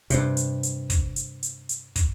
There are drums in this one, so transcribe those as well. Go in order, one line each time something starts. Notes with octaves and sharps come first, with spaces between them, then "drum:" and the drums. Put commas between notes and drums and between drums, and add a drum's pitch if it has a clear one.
G2 C3, drum: hi-hat
drum: hi-hat
drum: hi-hat
drum: kick, hi-hat
drum: hi-hat
drum: hi-hat
drum: hi-hat
drum: kick, hi-hat